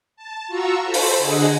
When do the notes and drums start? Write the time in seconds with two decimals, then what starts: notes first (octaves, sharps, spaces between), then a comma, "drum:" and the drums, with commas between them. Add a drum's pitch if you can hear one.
0.16 A5
0.48 F4 F#4 A#5 C#6 E6
0.83 A4 C5 B5
0.94 drum: open hi-hat
1.19 D3 G#4 D#5 F#5